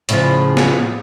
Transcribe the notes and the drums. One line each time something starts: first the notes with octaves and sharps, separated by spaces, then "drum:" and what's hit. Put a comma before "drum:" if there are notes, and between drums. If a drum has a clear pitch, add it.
A2 C#3 F3, drum: hi-hat
drum: snare